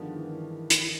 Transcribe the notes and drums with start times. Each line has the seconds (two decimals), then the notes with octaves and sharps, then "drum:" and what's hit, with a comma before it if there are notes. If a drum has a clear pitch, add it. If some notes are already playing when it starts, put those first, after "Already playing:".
Already playing: G2 D3 D#3 F3 G#3 B3
0.16 E3
0.70 drum: hi-hat